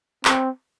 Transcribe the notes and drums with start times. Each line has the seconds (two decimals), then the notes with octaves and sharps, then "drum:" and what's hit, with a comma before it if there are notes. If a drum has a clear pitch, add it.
0.25 C4, drum: clap